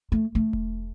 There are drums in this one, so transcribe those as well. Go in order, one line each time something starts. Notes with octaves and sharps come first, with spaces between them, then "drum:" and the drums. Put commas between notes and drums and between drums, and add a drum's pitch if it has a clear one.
A3
A3
drum: kick E1